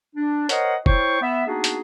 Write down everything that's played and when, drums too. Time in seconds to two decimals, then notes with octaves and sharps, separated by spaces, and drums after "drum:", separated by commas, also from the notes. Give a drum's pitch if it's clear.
0.16 D4
0.49 A#4 C5 C#5 D#5 F#5, drum: hi-hat
0.86 E4 C5 C#5 G5 C#6, drum: kick
1.22 B3 E5
1.47 A#3 B3 D4 D#4 F#4 G#4
1.64 drum: hi-hat